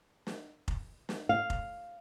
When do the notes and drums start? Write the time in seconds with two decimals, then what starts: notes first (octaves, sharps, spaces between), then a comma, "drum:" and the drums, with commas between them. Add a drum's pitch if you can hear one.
0.27 drum: snare
0.68 drum: kick F1
1.09 drum: snare
1.29 F5
1.50 drum: kick F1